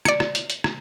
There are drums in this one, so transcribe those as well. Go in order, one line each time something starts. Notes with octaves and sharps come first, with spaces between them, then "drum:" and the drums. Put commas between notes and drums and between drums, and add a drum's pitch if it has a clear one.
D5 C#7, drum: rim click
drum: rim click
drum: hi-hat
drum: hi-hat
drum: rim click